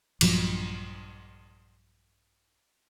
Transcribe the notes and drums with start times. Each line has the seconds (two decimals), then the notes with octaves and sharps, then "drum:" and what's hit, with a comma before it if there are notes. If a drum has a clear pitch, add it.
0.21 A#1 G2 F3 F#3, drum: cymbal